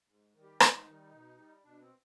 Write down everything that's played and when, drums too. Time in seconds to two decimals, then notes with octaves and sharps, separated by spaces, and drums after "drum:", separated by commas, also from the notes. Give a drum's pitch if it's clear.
0.08 G#2
0.34 D#3 G3
0.43 G4
0.60 G#2 D#4, drum: rim click
0.86 D#3 G3
1.11 B2
1.38 G3
1.64 B2 D4
1.81 C4